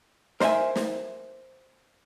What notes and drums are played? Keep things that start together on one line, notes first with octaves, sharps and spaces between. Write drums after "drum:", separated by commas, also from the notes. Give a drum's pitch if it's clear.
A#4 C5 D#5 E5 G#5, drum: snare
drum: snare